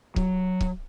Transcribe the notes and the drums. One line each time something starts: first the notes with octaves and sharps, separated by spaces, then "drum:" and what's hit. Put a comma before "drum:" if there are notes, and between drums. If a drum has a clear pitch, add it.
F#3, drum: kick C#1
drum: kick C#1